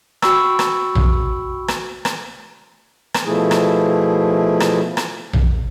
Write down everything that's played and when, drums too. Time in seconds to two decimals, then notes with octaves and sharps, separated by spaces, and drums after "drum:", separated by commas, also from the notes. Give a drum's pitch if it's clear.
0.22 F#4 G5 B5 C#6 E6, drum: rim click
0.59 drum: rim click
0.95 drum: tom A#1
1.68 drum: rim click
2.05 drum: rim click
3.14 drum: rim click
3.26 B2 F3 A3 E4 G#4
3.51 drum: rim click
4.60 drum: rim click
4.97 drum: rim click
5.33 drum: tom A#1